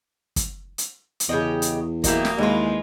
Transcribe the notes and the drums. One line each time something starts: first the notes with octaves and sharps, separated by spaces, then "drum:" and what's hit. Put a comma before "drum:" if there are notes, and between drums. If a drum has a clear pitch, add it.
drum: kick, hi-hat
drum: hi-hat
drum: hi-hat
E2 C#3 G4 D#5
drum: hi-hat
F#3 A#3 E4 G4 D#5, drum: kick, hi-hat
drum: snare
D#2 E3 G#3 F4